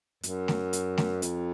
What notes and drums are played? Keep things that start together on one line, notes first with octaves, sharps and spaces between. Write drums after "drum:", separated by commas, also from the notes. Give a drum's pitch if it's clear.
F#2, drum: hi-hat
drum: snare A3
drum: hi-hat
drum: snare A3
F2, drum: hi-hat